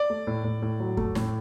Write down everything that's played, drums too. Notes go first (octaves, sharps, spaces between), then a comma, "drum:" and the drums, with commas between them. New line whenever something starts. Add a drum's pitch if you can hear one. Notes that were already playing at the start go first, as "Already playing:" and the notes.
Already playing: D5
A3
A2
A2
A2
F#3
A3, drum: kick F2
A2, drum: snare